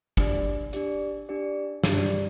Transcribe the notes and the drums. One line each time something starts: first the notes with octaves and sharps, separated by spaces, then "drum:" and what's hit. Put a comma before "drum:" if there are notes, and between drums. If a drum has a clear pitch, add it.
D4 G4 D5, drum: kick
D4 G4 D5, drum: hi-hat
D4 G4 D5
G2 D4 G4 D5, drum: snare